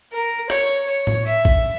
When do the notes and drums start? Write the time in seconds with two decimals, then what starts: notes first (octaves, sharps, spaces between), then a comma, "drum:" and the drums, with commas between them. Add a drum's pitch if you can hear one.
0.12 A#4
0.50 C#5, drum: rim click
0.88 C#5, drum: tambourine
1.07 drum: tom A2
1.26 E5, drum: tambourine
1.45 drum: kick A#1